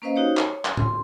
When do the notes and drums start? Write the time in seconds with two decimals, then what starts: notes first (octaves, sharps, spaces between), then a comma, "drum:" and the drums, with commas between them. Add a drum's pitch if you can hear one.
0.02 A#3 C#4 B4 C5 D#5 F5
0.16 D#4 F#4 G4 C5 C#5
0.37 C#5, drum: clap
0.65 drum: clap
0.77 C6, drum: tom